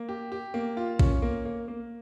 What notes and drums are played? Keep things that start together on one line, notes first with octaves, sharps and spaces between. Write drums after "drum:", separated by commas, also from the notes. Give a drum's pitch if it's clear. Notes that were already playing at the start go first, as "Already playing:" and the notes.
Already playing: A#3
G4
G4
A#3
F4
C#4, drum: kick A#1
A#3
A#3
A#3